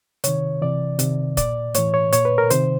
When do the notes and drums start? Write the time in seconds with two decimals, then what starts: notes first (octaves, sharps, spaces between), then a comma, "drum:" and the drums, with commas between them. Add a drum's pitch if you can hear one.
0.24 C3 D#3 C#5, drum: hi-hat
0.62 C3 E3 D5
0.99 C3 D#3, drum: hi-hat
1.37 A#2 D5, drum: kick, hi-hat
1.75 A2 E3 C#5, drum: hi-hat
1.94 C#5
2.13 A#2 C#5, drum: hi-hat
2.25 B4
2.38 A#4
2.51 C3 D#3 C5, drum: hi-hat